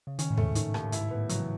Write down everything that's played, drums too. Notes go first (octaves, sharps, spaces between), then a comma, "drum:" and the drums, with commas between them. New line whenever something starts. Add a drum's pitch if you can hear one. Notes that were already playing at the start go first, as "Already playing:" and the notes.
C#3
D#3 C#4, drum: hi-hat
A2
G#2 A3, drum: tom D#2
D#3, drum: hi-hat
D#2, drum: rim click
G#2 E4, drum: hi-hat
A2 B3
C#3 F#3, drum: hi-hat
E3